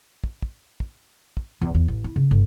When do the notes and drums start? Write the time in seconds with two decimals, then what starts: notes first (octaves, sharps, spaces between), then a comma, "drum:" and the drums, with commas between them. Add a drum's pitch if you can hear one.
0.24 drum: kick
0.42 drum: kick
0.80 drum: kick
1.37 drum: kick
1.61 E2
1.75 E2
1.88 A1
2.04 E4
2.16 C#3
2.31 G1